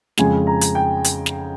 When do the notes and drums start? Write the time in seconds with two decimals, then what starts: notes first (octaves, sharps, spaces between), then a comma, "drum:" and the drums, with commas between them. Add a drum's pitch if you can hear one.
0.17 F2 C#3 G#3 G#5, drum: snare
0.47 A#5
0.61 drum: hi-hat
0.75 G5
1.04 drum: hi-hat
1.26 drum: snare